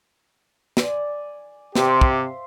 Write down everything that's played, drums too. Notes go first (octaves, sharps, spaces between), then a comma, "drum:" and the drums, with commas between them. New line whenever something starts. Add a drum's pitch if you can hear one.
D5 G#5, drum: snare
C3 G4 C5 E5 F5, drum: snare
drum: kick